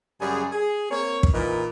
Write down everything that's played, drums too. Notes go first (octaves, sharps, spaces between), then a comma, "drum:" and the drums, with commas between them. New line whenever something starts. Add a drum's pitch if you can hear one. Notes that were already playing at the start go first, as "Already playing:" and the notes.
F#2 C#3 G3 G#4
G#4
A#3 C4 C#5
drum: kick
A#2 E3 D#4 A#4 B4